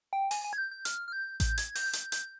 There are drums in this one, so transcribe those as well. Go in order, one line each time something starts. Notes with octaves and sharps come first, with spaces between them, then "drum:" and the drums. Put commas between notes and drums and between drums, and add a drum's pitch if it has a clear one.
G5
G#5, drum: open hi-hat
G#5
G#6
G6
G6
F6, drum: hi-hat
F6
G6
G6, drum: kick A1, hi-hat
G#6, drum: hi-hat
G6, drum: open hi-hat
G6, drum: hi-hat
G6, drum: hi-hat